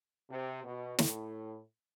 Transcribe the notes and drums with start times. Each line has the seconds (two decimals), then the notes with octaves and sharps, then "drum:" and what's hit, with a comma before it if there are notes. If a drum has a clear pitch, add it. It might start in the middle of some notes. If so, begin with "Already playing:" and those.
0.30 C3
0.64 B2
0.99 A2, drum: snare